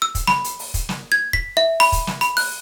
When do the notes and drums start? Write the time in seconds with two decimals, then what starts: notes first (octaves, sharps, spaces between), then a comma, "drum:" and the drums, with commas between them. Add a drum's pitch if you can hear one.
0.02 E6
0.15 drum: kick, hi-hat
0.27 B5, drum: snare
0.44 drum: hi-hat
0.59 drum: open hi-hat
0.74 drum: kick, hi-hat
0.89 drum: snare
1.12 G#6
1.33 B6, drum: kick
1.57 E5
1.80 B5, drum: open hi-hat
1.92 drum: kick, hi-hat
2.07 drum: snare
2.21 B5, drum: hi-hat
2.37 F#6, drum: open hi-hat